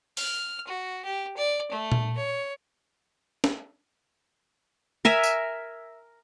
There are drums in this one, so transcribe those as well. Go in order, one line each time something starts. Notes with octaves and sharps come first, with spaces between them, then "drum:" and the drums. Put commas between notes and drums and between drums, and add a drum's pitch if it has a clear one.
F6, drum: open hi-hat
F#4
G4
D5
A3
drum: tom A#2
C#5
drum: snare
A#4 E5 G#5
drum: tambourine